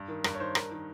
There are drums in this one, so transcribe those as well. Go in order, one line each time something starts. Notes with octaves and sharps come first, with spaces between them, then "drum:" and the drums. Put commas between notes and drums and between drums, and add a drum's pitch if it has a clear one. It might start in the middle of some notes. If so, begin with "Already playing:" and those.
Already playing: G2
D#3
G2 A#4, drum: rim click
C#5
D#3 C5
G2 A#4, drum: rim click
D#3